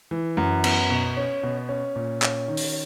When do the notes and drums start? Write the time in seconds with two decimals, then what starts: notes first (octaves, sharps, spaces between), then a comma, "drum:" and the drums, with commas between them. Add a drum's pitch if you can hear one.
0.11 E3
0.37 F#2
0.64 B3, drum: cymbal
0.90 B2
1.17 C#4
1.43 B2
1.69 C#4
1.96 A#2
2.22 C#4, drum: clap
2.48 D#3
2.57 drum: open hi-hat